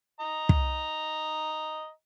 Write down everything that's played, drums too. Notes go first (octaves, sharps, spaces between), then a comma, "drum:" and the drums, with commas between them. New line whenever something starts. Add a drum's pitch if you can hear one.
D#5 A#5
drum: kick